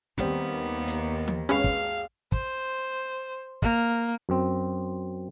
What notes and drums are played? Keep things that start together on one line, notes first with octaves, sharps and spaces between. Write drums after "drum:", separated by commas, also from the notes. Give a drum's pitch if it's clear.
D#2 G3 B3 C4, drum: snare
drum: hi-hat
drum: tom E3
G#1 G#3 C#4 B4 F5
drum: kick
C5, drum: kick
A#3, drum: kick
F#2 C4